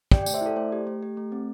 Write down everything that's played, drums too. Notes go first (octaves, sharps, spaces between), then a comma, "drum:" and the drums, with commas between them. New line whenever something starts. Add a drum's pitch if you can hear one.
G4 D5 G5, drum: kick
D5 G5
A3, drum: tambourine
C5 E5
E4 A4 D5
A3 C5
G4
A3
G4
A3
C4